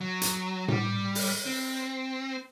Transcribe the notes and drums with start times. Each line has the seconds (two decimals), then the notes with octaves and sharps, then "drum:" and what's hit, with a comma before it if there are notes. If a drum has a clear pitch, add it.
0.01 F#3
0.22 drum: hi-hat
0.68 G3, drum: tom A2
1.15 drum: open hi-hat
1.46 C4